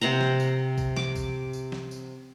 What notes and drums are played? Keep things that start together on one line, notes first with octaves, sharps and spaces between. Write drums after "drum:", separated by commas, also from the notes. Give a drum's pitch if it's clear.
C3 C5 F#5 A#5
drum: snare
drum: tambourine
drum: kick A1, tambourine
D6, drum: snare
drum: kick A1, tambourine
drum: tambourine
drum: snare
drum: tambourine